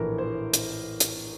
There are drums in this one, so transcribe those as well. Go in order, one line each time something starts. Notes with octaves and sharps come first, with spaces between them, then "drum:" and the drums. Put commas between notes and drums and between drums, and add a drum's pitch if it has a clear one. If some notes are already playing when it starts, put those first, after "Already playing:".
Already playing: A#1 A2 E3 A#4
C5
drum: hi-hat
drum: hi-hat